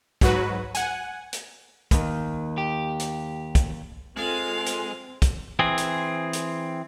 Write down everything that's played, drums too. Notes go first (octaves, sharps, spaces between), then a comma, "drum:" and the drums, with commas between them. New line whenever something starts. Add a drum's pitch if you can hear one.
G#2 F#3 F#4 B4, drum: kick, hi-hat
F#5 G#5, drum: hi-hat
drum: hi-hat
D#2 D#3, drum: kick, hi-hat
G4
drum: hi-hat
drum: kick, hi-hat
G#3 C4 F4 A4 F5 G#5
drum: hi-hat
drum: kick, hi-hat
E3 C4 G#4
drum: hi-hat
drum: hi-hat